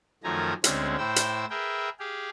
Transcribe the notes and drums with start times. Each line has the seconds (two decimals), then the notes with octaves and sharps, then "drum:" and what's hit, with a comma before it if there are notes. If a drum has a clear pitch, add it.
0.24 F#2 D#3 F3 A3 G#5 A#5
0.64 D2 D3 G#3 C4 C#4, drum: hi-hat
0.98 A2 E4 C5 G5 E6
1.16 drum: hi-hat
1.50 G#4 A#4 B4 E5 G5
1.99 G4 G#4 F5